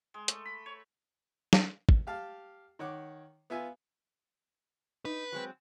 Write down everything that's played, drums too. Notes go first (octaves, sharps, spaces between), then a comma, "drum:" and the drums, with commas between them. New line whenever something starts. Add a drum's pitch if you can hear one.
G#3
A3, drum: hi-hat
B5
C#5
drum: snare
drum: kick
G4 F5 A5
D#3 C#5 F#5 D6
B3 F4 E5 G#5
D#4 B4
F#3 G#3 C4